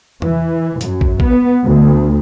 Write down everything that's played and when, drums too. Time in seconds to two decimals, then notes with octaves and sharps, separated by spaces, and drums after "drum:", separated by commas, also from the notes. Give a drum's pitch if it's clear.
0.22 E3, drum: tom E2
0.81 F#2, drum: hi-hat
1.01 drum: kick
1.20 B3, drum: kick
1.65 D2